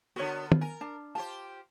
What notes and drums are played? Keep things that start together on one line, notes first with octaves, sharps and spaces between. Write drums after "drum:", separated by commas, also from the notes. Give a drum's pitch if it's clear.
D3 B3 F#4 A#4 C#5
drum: tom
A#4 G#5
D4 A5
F4 G4 C5 A5